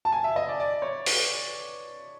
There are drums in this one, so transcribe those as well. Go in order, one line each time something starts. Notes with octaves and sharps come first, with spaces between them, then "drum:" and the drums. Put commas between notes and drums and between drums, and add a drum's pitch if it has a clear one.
A5
G#5
E5
D#5
D5
D5
C#5
B4, drum: open hi-hat